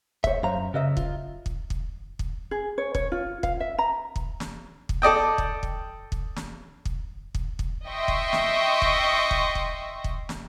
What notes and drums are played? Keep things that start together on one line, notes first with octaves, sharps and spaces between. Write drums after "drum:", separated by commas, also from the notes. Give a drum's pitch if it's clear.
C5 C#5 E5, drum: kick
F#2 C5 F5 A#5
C#3 B4 D#5 E5
F4, drum: kick
drum: kick
drum: kick
drum: kick
G#4
C#5
C#5, drum: kick
F4
F5, drum: kick
E5
A#5
drum: kick
drum: snare
drum: kick
A4 D5 D#5 G5
drum: kick
drum: kick
drum: kick
drum: snare
drum: kick
drum: kick
drum: kick
D#5 E5 G5 C6 C#6
drum: kick
drum: snare
drum: kick
drum: kick
drum: kick
drum: kick
drum: snare